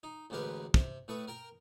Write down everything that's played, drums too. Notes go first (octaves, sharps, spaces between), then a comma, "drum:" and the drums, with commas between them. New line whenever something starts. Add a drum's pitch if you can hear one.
D#4
A1 D2 G#3 G4 A#4 B4
C3, drum: kick
A2 A3 B4 C#6 D#6
A#4 G5 A#5